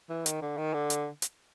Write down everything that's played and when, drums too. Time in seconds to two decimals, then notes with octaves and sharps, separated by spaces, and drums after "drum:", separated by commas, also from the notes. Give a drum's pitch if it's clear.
0.10 E3
0.26 D#3, drum: hi-hat
0.42 D3
0.57 D#3
0.74 D3
0.90 drum: hi-hat
1.22 drum: hi-hat